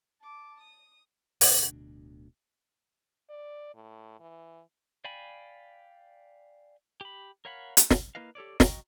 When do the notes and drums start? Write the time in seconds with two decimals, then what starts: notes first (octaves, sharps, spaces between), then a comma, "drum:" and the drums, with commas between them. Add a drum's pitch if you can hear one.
0.21 A5 D6
0.61 D#6
1.41 D1 D2 B2 D4, drum: open hi-hat
3.30 D5
3.75 A2
4.20 E3
5.05 D5 F5 G5 G#5 B5
7.01 G4 B5
7.45 A#4 C#5 F5 F#5 B5
7.77 drum: hi-hat
7.90 drum: snare
8.15 A#3 E4 B4 D#5 F5
8.35 G4 A4 C#5 D5
8.60 F#4 D#5 G5 A#5, drum: snare